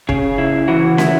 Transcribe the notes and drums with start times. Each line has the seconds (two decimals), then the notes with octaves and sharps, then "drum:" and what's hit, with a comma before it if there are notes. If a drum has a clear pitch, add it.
0.09 C#3 G#4, drum: kick
0.38 E4
0.68 E3 F#4
0.98 E4, drum: snare